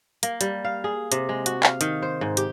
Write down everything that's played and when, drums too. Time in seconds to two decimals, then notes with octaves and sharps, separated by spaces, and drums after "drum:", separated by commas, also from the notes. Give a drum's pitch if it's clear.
0.23 A#3, drum: hi-hat
0.41 G3, drum: hi-hat
0.64 F5
0.84 G#4
1.12 C3, drum: hi-hat
1.29 G#3
1.46 F#4, drum: hi-hat
1.63 F5, drum: clap
1.81 D#3, drum: hi-hat
2.02 C5
2.21 G#2
2.37 G4, drum: hi-hat